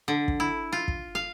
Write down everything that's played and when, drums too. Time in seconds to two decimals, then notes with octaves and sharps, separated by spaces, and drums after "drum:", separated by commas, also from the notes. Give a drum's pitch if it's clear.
0.08 D3
0.28 drum: kick
0.40 E4
0.72 F4
0.88 drum: kick
1.15 F5